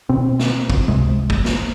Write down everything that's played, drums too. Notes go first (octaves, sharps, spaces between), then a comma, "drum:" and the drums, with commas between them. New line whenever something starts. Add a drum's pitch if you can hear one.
B2 C4
drum: snare
drum: kick
C#2 C3 G#3
drum: kick
drum: snare